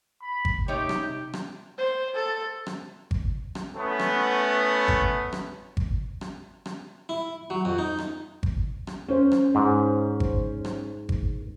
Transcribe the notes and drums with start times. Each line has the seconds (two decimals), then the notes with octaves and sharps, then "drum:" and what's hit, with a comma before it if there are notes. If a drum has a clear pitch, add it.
0.22 B5
0.45 drum: kick G#1
0.68 C3 D#4 G4 C#5
0.89 drum: rim click
1.33 drum: rim click
1.78 C5
2.15 A4
2.66 drum: rim click
3.11 drum: kick G#1
3.55 drum: rim click
3.76 A3 B3 C#4 E4
4.00 drum: rim click
4.88 drum: kick G#1
5.33 drum: rim click
5.77 drum: kick G#1
6.21 drum: rim click
6.66 drum: rim click
7.09 E4
7.50 F#3
7.65 F2
7.79 D#4
7.99 drum: rim click
8.43 drum: kick G#1
8.87 drum: rim click
9.09 C#4 C5
9.32 drum: rim click
9.55 G#2
10.20 drum: kick G#1
10.65 drum: rim click
11.09 drum: kick G#1